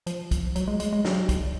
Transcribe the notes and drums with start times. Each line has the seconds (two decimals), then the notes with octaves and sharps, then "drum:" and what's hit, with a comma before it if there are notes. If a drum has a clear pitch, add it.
0.07 F3, drum: hi-hat
0.31 drum: kick, hi-hat
0.56 F#3, drum: hi-hat
0.67 G#3
0.80 G#3, drum: hi-hat
0.93 G#3
1.05 F#3, drum: snare
1.29 drum: kick, hi-hat